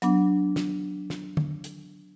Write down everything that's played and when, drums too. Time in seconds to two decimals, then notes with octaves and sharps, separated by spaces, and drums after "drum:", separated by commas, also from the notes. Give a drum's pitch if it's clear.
0.02 F#3 B3 D4, drum: hi-hat
0.56 drum: snare
1.10 drum: snare
1.37 drum: tom
1.64 drum: hi-hat